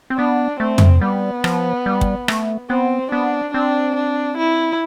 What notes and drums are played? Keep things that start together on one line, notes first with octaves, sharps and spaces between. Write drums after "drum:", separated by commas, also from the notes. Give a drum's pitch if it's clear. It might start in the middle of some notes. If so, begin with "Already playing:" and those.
C4
B3 D4
A3 C4
drum: tom
G3 B3
F3, drum: rim click
G3
drum: kick
A3, drum: rim click
B3 C4
B3 D4
C4 D4
D4
E4